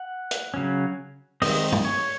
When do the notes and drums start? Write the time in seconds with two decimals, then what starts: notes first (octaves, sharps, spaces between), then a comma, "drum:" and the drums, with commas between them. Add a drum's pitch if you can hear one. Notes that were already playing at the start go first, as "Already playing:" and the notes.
Already playing: F#5
0.31 drum: hi-hat
0.54 C#3 F#3 C#4
1.42 D#3 G#3 C4 D#5, drum: open hi-hat
1.72 drum: tom G2
1.85 C#5